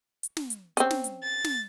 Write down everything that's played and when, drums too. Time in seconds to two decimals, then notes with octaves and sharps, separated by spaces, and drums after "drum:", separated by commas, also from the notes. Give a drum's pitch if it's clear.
0.23 drum: hi-hat
0.37 drum: snare
0.50 drum: hi-hat
0.77 C4 C#4, drum: hi-hat
0.91 drum: snare
1.04 drum: hi-hat
1.23 A6
1.44 drum: snare